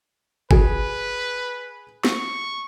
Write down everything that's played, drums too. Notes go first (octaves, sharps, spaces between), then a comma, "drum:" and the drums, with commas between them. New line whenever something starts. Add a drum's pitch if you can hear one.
G#4 B4 G#5, drum: kick G1
C#6, drum: snare